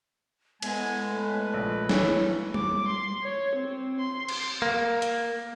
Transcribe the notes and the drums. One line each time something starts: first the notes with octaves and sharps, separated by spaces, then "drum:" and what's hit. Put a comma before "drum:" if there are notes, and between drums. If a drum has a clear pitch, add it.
A2 G#3 B3 G#5, drum: cymbal
A3 B4
A#1
E3 C#4, drum: snare
D6, drum: tom G3
C6
C#5
C4
C6
drum: cymbal
A#3
drum: hi-hat